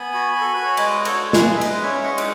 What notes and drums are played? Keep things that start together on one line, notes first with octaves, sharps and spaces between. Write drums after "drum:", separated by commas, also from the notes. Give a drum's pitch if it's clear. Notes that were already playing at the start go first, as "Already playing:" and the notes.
Already playing: B3 G#5 B5
F#4
F#4
A4
F#4 B4
C#5
G#3 B4 D#5, drum: cymbal
F#4
A4 C#5, drum: cymbal
G#3
G#4 B4, drum: snare
G#3
E5
G#3 B4 D#5, drum: cymbal
C#4 C#5 E5
G#3 D#5 F#5
drum: cymbal